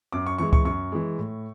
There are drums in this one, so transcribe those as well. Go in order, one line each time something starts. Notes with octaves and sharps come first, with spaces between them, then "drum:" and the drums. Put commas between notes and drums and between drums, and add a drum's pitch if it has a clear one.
F#2 D6
C#6
E3 G#3 C#6
C#6, drum: kick C#2
F#2 C#6
E3 G#3
A2